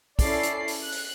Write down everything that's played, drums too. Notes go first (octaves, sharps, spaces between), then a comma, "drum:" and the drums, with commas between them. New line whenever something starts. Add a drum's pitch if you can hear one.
C#4 E4 A4 D5 C7, drum: kick, open hi-hat
drum: hi-hat
drum: open hi-hat
F#6
drum: open hi-hat